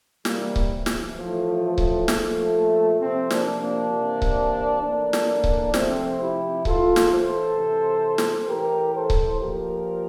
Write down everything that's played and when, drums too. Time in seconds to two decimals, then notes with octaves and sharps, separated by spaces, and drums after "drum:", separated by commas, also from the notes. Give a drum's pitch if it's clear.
0.25 C3 E3 G3 A#3, drum: snare
0.56 drum: kick C#1
0.86 drum: snare
1.17 A2 E3 F3 A3
1.78 drum: kick C#1
2.08 A#2 F3, drum: snare
2.99 C3 F3 A3 C4
3.31 A#3 D4, drum: snare
3.60 A#3 D4
3.91 C3 E3
4.22 drum: kick C#1
4.82 A2 E3 A#3 D4
5.13 drum: snare
5.44 drum: kick C#1
5.74 C3 F3 A3 C4, drum: snare
6.20 E4 G4
6.65 A2 E3 F4 A4, drum: kick C#1
6.96 drum: snare
7.11 A4 C5
7.57 C3 E3
8.18 drum: snare
8.48 A2 E3 G4 A#4
8.95 A4 C5
9.10 drum: kick C#1
9.40 A#2 F3 G4 A#4